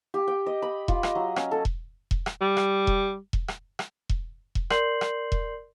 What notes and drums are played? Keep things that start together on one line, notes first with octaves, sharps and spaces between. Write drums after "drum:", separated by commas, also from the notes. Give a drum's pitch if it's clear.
G4
G5
D#5
B5
F4, drum: kick E1
D#5, drum: rim click
F#3
C#4, drum: rim click
A4
drum: kick E1
drum: kick E1
drum: rim click
G3
drum: rim click
drum: kick E1
drum: kick E1
drum: rim click
drum: rim click
drum: kick E1
drum: kick E1
A#4 D5 C6 G6 C7 F#7, drum: rim click
drum: rim click
drum: kick E1